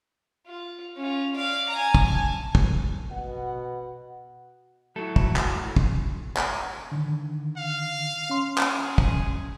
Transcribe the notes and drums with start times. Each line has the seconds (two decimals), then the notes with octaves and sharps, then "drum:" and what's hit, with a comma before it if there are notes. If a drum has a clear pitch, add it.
0.47 F4
0.96 C#4 F4
1.35 D5 F5
1.69 G#5 A#5
1.94 drum: kick
2.06 G#5 A5
2.55 drum: kick
3.11 B2 F#5
4.96 F#3 A3 E4 F#4 A4
5.16 drum: kick
5.36 drum: clap
5.76 drum: kick
6.37 drum: clap
6.92 D3 D#3
7.57 F5
8.30 C#4 C6
8.58 drum: clap
8.83 G#4
8.98 drum: kick